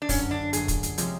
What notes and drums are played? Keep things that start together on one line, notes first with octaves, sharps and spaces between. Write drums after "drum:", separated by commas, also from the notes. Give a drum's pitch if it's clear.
D4
G1 F#2 D3 C#4, drum: kick, open hi-hat
D4
G1 F#2 D3 G#4, drum: hi-hat
drum: kick, hi-hat
drum: hi-hat
C3 F3 G#3 C#4, drum: hi-hat